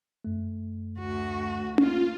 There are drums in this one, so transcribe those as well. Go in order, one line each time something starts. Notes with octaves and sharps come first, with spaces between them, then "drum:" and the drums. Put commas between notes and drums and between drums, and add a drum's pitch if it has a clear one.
F#2 A3
D2 F#4
A#3 F4, drum: tom C#4